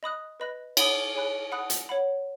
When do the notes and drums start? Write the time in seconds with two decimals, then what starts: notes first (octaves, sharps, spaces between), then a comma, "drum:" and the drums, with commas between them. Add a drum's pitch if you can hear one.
0.03 D#5 B5 D#6 F#6
0.40 B4 D#5 B5 F#6
0.77 C#5 F#5 B5 D#6, drum: cymbal
1.14 G#4 C#5 G#5 B5 F#6
1.52 F#5 B5 D#6 F#6
1.70 drum: hi-hat
1.89 C#5 F#5 B5